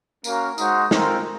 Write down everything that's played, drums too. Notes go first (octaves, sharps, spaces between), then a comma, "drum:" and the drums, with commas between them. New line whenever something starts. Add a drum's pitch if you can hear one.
A#3 C#4 F#4 A#4 F5, drum: tambourine
G#3 D#4 F#4 C5 F#5, drum: tambourine
G#3 C4 F4 A#4, drum: snare